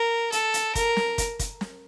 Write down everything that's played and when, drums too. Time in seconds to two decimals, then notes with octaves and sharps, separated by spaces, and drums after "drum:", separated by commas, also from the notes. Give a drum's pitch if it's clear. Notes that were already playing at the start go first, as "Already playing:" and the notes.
Already playing: A#4
0.32 A4, drum: hi-hat
0.54 drum: hi-hat
0.75 A#4, drum: kick, hi-hat
0.97 drum: snare
1.18 drum: kick, hi-hat
1.39 drum: kick, hi-hat
1.61 drum: snare